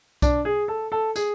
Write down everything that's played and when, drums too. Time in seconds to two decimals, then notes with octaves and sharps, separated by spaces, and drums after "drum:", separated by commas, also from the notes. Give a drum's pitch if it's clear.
0.22 D4, drum: kick B1, tambourine
0.45 G#4
0.68 A4
0.92 A4
1.16 G#4, drum: tambourine